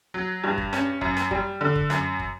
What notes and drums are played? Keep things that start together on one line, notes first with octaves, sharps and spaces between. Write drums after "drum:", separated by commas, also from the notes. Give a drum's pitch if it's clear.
F#3
G2
drum: kick
C#4, drum: rim click
F#2, drum: kick
drum: rim click
G3, drum: kick
D3
drum: kick
F#2, drum: rim click
drum: kick